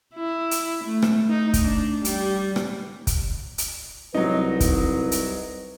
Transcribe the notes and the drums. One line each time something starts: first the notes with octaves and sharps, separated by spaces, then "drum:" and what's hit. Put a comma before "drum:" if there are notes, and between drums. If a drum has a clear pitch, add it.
E4
drum: hi-hat
A3
drum: rim click
D#4
drum: kick, hi-hat
D4
G3, drum: hi-hat
drum: rim click
drum: kick, hi-hat
drum: hi-hat
C2 F#3 D#4 B4
drum: kick, hi-hat
drum: hi-hat